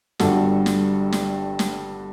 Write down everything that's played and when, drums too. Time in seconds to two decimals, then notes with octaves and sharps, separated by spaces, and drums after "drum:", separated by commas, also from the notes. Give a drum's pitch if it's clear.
0.19 G1 G2 D3 F#4 A4, drum: snare
0.66 drum: snare
1.12 drum: snare
1.59 drum: snare